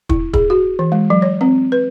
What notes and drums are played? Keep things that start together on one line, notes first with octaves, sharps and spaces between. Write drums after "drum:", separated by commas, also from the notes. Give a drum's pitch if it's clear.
E4, drum: kick
G#4, drum: kick
F#4
E3
G#3
F#3
C#5
C4
B4